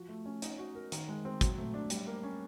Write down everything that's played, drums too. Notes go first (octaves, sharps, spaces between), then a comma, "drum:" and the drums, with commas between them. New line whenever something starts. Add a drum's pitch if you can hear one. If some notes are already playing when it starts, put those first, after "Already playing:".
Already playing: F3 F#4
A3
C#4
D#4, drum: hi-hat
F#4
A#4
D#3, drum: hi-hat
G#3
C4
F#3, drum: kick, hi-hat
A3
D4
G3, drum: hi-hat
A#3
C#4